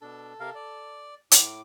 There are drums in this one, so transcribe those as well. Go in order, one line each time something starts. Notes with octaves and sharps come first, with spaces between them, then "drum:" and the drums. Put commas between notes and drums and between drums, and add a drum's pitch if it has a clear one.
B2 D4 A4
C3 A#4 F5
D5
A2 D6, drum: hi-hat